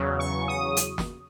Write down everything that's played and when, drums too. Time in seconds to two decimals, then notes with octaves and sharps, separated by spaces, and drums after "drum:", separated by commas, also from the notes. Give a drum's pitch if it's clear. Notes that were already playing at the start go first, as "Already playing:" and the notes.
Already playing: E2 C#3 F#3
0.19 C#6
0.48 D#6
0.77 drum: hi-hat
0.98 drum: snare